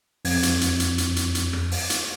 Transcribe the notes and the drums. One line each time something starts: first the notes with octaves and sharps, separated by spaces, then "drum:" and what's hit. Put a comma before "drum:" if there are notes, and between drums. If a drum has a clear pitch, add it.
F2 G#6, drum: open hi-hat
drum: hi-hat
drum: hi-hat
drum: hi-hat
drum: hi-hat
drum: hi-hat
drum: hi-hat
drum: rim click
drum: open hi-hat
drum: hi-hat